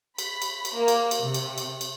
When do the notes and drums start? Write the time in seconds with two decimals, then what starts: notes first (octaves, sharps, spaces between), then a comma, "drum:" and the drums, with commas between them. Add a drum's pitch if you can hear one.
0.18 B5, drum: cymbal
0.42 drum: cymbal
0.65 drum: cymbal
0.74 A#3
0.88 drum: cymbal
1.11 drum: cymbal
1.22 C3
1.34 drum: cymbal
1.58 drum: cymbal
1.81 drum: cymbal